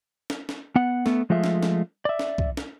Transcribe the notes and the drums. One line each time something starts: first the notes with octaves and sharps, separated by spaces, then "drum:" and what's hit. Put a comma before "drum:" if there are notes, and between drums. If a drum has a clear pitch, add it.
drum: snare
drum: snare
B3 F#5
A3 B3, drum: snare
F3 G#3 A3 F4 E5
drum: snare
drum: snare
D5 E5
drum: snare
drum: kick
drum: snare